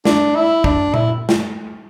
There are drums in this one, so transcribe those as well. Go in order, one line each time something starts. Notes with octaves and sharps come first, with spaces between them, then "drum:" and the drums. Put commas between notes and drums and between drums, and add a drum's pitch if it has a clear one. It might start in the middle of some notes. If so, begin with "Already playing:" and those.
D4, drum: snare
E4
D4, drum: kick
E4, drum: tom A#2
drum: snare